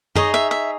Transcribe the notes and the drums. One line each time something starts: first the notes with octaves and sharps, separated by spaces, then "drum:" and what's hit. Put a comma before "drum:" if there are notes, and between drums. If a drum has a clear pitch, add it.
D#4 G#4 C#5 D#5, drum: tom F#2
E5
E5